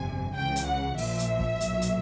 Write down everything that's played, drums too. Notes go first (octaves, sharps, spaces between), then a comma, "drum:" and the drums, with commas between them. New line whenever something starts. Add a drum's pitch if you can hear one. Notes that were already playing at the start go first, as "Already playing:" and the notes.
Already playing: G1 F2 C3 G#5
C#2 C#3 E3 G5
drum: hi-hat
F#5
A#1 A#2 F3 E5, drum: open hi-hat
drum: hi-hat
drum: kick
B1 A#2 F#3, drum: hi-hat
drum: hi-hat